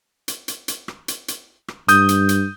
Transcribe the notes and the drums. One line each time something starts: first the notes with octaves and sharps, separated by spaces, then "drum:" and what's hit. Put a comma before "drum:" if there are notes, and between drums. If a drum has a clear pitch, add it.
drum: hi-hat
drum: hi-hat
drum: hi-hat
drum: rim click
drum: hi-hat
drum: hi-hat
drum: rim click
G2 D#6 G6, drum: hi-hat
drum: hi-hat
drum: hi-hat